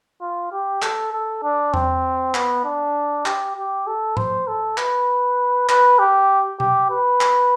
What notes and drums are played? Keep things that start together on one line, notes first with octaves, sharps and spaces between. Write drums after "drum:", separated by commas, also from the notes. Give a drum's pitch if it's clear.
F4
G4
A4, drum: clap
A4
D4
C4, drum: tom E2
B3, drum: clap
D4
G4, drum: clap
G4
A4
C5, drum: tom G#2
A4
B4, drum: clap
B4, drum: clap
G4
G4, drum: tom B2
B4
drum: clap